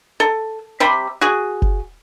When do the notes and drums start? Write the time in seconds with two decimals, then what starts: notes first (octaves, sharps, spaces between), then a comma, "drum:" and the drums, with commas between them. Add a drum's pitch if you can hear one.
0.20 A4
0.80 C3 G3 B5
1.21 F#4 G#4
1.62 drum: kick F#1